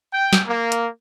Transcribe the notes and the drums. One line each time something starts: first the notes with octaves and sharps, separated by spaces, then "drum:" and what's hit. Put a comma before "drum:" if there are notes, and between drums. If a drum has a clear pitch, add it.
G5
drum: snare
A#3
drum: hi-hat